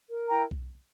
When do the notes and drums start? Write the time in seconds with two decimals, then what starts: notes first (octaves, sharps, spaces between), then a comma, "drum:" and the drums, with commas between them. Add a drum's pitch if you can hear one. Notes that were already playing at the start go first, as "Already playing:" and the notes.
0.10 A#4
0.29 E4 G5 A#5
0.51 drum: kick B1